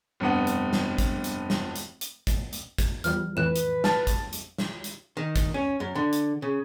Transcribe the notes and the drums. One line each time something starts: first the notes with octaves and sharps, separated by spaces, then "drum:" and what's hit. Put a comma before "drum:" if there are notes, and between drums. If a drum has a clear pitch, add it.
F1 G2 B3 F#5
drum: hi-hat
drum: snare
drum: kick A1, hi-hat
drum: hi-hat
drum: snare
drum: hi-hat
drum: hi-hat
drum: kick A1, hi-hat
drum: hi-hat
drum: kick A1, hi-hat
E2 F3 G3 F6, drum: hi-hat
F2 A2 E3 B4 F#6 E7
drum: hi-hat
A5 F6 A6, drum: snare
drum: kick A1, hi-hat
drum: hi-hat
drum: snare
drum: hi-hat
D#3
drum: kick A1, hi-hat
C#4
F#2
D3
drum: hi-hat
C#3